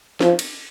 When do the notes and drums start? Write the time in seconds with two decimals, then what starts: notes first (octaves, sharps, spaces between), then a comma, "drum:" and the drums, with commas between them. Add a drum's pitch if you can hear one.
0.21 F3, drum: snare
0.39 drum: cymbal